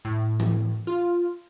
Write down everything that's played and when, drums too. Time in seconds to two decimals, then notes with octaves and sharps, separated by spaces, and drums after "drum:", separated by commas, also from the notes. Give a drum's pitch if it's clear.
0.05 A2
0.40 drum: tom E3
0.87 F4